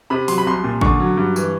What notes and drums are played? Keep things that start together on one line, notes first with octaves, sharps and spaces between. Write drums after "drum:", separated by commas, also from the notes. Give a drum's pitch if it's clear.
C3 B5
F#3 C6, drum: open hi-hat
B5
C2 C6
A#2
D3 C#6, drum: kick
F#3
G2
E3, drum: tambourine